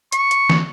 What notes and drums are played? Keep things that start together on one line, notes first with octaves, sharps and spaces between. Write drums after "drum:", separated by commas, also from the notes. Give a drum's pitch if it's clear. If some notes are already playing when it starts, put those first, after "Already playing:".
C#6, drum: hi-hat
drum: hi-hat
drum: snare